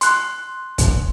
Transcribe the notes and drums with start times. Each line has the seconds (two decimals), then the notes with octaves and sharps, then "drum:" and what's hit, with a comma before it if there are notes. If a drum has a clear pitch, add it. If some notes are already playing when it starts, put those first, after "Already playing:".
0.01 C6 F#6, drum: hi-hat
0.78 drum: kick, hi-hat